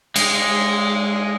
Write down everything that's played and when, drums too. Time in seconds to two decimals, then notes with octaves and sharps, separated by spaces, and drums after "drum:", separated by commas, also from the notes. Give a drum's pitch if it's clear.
0.16 G#3, drum: cymbal